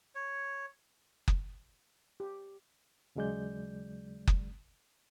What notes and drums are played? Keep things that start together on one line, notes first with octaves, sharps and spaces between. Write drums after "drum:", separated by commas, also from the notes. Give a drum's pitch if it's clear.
C#5
drum: kick F#1
G4
D#2 C#3 F#3 G#3 D5 G6
drum: kick F#1